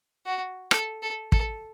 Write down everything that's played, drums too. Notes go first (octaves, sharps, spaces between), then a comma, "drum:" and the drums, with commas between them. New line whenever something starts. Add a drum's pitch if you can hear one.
F#4
A4, drum: rim click
A4
A4, drum: kick